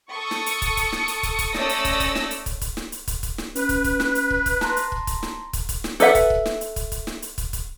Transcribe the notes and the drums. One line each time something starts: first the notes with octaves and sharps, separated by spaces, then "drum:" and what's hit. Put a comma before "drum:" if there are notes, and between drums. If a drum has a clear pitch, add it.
A4 C#6 D#6
drum: snare
drum: hi-hat
drum: kick, hi-hat
drum: kick, hi-hat
drum: snare
drum: hi-hat
drum: kick, hi-hat
drum: kick, hi-hat
A3 C#4 D5 D#6 E6 A#6, drum: snare
drum: hi-hat
drum: kick, hi-hat
drum: kick, hi-hat
drum: snare
drum: hi-hat
drum: kick, hi-hat
drum: kick, hi-hat
drum: snare
drum: hi-hat
drum: kick, hi-hat
drum: kick, hi-hat
drum: snare
C#4 B4 F#6, drum: hi-hat
drum: kick, hi-hat
drum: kick, hi-hat
drum: snare
drum: hi-hat
drum: kick
drum: kick, hi-hat
A5 A#5 C6, drum: snare
drum: hi-hat
drum: kick
drum: kick, hi-hat
drum: snare
drum: kick, hi-hat
drum: kick, hi-hat
drum: snare
A4 B4 E5 F#5, drum: hi-hat
drum: kick, hi-hat
drum: kick
drum: snare
drum: hi-hat
drum: kick, hi-hat
drum: kick, hi-hat
drum: snare
drum: hi-hat
drum: kick, hi-hat
drum: kick, hi-hat